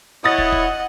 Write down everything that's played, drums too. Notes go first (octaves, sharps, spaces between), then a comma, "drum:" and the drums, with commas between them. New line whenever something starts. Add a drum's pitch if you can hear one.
E4 C#5 D#5 F#5 D#6 A6
drum: kick
drum: kick